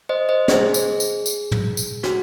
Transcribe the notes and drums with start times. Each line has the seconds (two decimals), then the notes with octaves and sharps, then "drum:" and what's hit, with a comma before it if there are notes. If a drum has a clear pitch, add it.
0.09 C5 D#5
0.29 C5 D#5
0.48 G#4, drum: snare
0.74 drum: tambourine
1.00 drum: tambourine
1.26 drum: tambourine
1.51 drum: tom
1.77 drum: tambourine
2.03 F#4, drum: snare